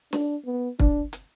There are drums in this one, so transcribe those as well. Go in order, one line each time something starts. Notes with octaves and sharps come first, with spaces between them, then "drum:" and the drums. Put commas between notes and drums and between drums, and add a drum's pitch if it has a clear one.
D4, drum: snare
B3
D4, drum: kick
drum: hi-hat